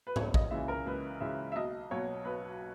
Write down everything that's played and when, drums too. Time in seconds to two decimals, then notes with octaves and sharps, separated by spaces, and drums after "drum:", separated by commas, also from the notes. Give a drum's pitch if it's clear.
0.07 B4
0.16 C#2 C#5, drum: tom G#2
0.34 D#5, drum: kick A1
0.51 C#3 E3 G#3 E5
0.68 A#4
0.86 C#2 B4
1.20 C#3 E3 G#3 E5
1.52 E5
1.56 B1 D#5
1.91 B2 F#3 C#5
2.25 B1 B4